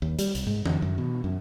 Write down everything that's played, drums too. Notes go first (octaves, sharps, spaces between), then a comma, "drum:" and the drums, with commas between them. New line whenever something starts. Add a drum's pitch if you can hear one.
D#2
G3, drum: hi-hat
C2, drum: hi-hat
G#2
F2, drum: tom D#3
F#2
B2
F#2